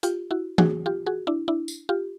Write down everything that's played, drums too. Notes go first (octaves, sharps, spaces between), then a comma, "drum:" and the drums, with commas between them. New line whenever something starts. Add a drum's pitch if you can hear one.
F4 G4, drum: hi-hat
E4 F#4
F#4 G#4, drum: tom E3
F4 G4
F#4 G#4
D4 E4
D4 E4
drum: tambourine
F4 G4